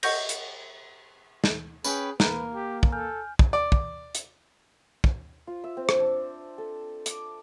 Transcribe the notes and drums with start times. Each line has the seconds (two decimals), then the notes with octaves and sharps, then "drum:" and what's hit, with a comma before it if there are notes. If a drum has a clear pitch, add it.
0.03 D#5 F#5 C#6 G6 A#6, drum: cymbal
0.29 drum: hi-hat
1.44 drum: snare
1.84 C#4 G#4 B4 G5, drum: tambourine
2.20 A#3 A#4 B4, drum: snare
2.54 G4
2.83 drum: kick
2.92 A4 G#5 F6 G6
3.39 drum: kick
3.53 D5
3.72 drum: kick
4.15 drum: hi-hat
5.04 drum: kick
5.47 F4
5.64 E5
5.77 C4
5.89 drum: rim click
6.00 D4
6.58 A4
7.06 D6, drum: hi-hat